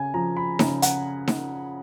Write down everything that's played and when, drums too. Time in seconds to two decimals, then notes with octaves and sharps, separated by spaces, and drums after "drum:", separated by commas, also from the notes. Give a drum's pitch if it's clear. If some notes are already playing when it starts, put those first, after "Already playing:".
Already playing: C#3 G#5
0.14 F3 A#5
0.37 B5
0.59 C#3 A#5, drum: snare D#4
0.82 F#5, drum: hi-hat
1.28 drum: snare D#4